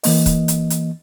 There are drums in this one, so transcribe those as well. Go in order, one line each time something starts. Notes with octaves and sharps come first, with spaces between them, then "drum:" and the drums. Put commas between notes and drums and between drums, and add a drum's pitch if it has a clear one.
E3 A#3 D#5, drum: open hi-hat
drum: kick C#1, hi-hat
drum: hi-hat
drum: hi-hat